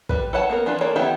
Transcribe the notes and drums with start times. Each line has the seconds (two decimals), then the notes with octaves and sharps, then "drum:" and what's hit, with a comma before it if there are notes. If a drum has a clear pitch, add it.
0.09 G3 B4, drum: kick
0.33 A4 B4 C#5 F#5 A5
0.49 A#3 B3 A#4
0.66 E3 D4 F4 B4
0.81 A#3 A4 C#5 D5
0.96 D#3 E3 B3 E4 G4